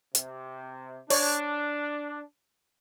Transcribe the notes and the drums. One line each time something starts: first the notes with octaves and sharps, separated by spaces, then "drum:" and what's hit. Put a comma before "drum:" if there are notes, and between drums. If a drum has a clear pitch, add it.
C3, drum: hi-hat
D4 C#5 D5, drum: open hi-hat